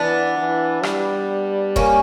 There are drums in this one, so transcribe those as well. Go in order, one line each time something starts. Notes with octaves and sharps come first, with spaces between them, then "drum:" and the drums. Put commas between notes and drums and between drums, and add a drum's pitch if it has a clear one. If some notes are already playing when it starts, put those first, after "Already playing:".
Already playing: E3 B3 D4
E3
G3, drum: rim click
A#3 C#4, drum: kick E1